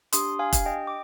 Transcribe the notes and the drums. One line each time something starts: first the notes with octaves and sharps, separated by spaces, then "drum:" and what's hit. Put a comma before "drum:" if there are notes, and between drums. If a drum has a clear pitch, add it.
D4 G4 C6 D#6, drum: hi-hat
F5 G#5
drum: kick, hi-hat
D#5 G5
D6